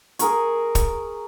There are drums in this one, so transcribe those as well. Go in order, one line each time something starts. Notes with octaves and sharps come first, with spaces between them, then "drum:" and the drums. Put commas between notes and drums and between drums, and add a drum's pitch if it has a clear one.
G#4 A#4 C#6, drum: hi-hat
drum: kick, hi-hat